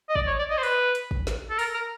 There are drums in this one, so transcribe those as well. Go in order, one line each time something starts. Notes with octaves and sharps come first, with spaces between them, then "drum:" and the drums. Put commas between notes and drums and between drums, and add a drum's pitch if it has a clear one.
D#5
D5, drum: kick
C#5
D5
D#5
C5
B4, drum: open hi-hat
drum: hi-hat
drum: kick
drum: snare
A4
A#4, drum: open hi-hat
A#4